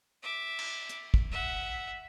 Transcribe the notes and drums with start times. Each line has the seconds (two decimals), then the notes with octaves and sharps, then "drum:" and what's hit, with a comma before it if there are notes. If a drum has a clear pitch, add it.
0.23 E5 D6
0.59 drum: cymbal
0.89 drum: hi-hat
1.14 drum: kick
1.31 E5 F#5